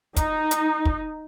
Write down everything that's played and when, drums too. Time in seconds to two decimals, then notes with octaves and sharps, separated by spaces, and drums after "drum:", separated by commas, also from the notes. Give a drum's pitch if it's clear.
0.16 D#4, drum: kick, hi-hat
0.51 drum: hi-hat
0.85 drum: kick